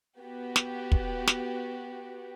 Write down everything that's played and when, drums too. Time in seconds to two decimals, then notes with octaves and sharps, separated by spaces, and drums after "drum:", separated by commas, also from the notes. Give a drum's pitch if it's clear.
0.20 B3 F#4 G4
0.56 drum: snare
0.92 drum: kick
1.27 drum: snare